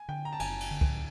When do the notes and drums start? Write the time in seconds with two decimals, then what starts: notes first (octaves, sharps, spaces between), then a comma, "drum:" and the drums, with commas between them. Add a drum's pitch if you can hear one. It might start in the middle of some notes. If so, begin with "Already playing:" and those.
Already playing: G#5
0.08 D3 G5
0.25 A#5
0.33 A5
0.40 F#1 G#5, drum: cymbal
0.61 drum: cymbal
0.71 D3
0.81 drum: kick